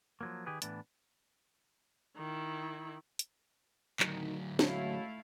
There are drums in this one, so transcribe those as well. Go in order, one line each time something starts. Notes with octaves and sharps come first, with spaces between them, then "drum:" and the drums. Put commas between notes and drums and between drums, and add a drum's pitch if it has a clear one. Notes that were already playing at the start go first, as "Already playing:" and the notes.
F3 F#3 A#3
D#3 G4 G#4 B4
A2 E3 B3 D4, drum: hi-hat
D#3 E4
drum: hi-hat
D2 D#3 F#3 D#4, drum: clap
G#3 A3 C#4 E4 F#4 F5, drum: snare